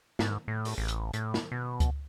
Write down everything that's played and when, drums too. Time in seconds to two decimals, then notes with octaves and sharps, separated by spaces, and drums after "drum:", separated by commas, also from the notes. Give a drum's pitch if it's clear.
0.19 G#2, drum: snare
0.48 A2
0.65 drum: open hi-hat
0.78 A1
0.88 drum: hi-hat
1.14 A2, drum: hi-hat
1.34 drum: snare
1.52 B2
1.80 drum: kick C#2, hi-hat